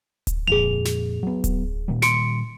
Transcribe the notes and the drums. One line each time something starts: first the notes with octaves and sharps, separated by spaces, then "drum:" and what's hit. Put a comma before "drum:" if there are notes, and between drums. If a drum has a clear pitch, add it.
drum: kick D1, hi-hat
F2 A#2 G#4 F7
drum: snare
F#3 B3
drum: kick D1, hi-hat
A#2 D#3 G3
C6 C#7 D7, drum: snare